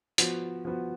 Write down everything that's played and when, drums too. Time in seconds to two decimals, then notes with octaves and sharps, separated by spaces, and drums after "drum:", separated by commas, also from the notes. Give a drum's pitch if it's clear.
0.18 F3 B3 F#4, drum: hi-hat
0.65 F3 B3 F#4